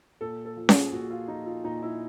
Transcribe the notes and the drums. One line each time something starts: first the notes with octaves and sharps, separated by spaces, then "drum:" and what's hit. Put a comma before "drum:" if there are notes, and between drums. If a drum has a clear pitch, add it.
A#2 A4
A4
F3
G#4, drum: snare C#4
A#2 F#4
F4
F3 D#4
F4
A#2 D#4
E4